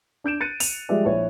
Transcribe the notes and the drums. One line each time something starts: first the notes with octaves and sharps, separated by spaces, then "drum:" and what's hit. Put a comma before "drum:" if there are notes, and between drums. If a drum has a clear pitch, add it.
D4 G6 D7 E7
F#6 A6 C#7 D#7
F7, drum: open hi-hat
F3 G3 G#3 D5 E5
A#1 E4 C#5